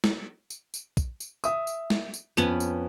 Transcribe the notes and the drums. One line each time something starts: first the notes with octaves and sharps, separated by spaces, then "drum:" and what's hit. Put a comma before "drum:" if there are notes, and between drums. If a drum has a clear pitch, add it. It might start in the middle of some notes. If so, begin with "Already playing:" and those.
drum: snare
drum: tambourine
drum: tambourine
drum: kick, tambourine
drum: tambourine
E5 D#6, drum: tambourine
drum: tambourine
drum: snare
drum: tambourine
F2 B3 C#4, drum: tambourine
drum: tambourine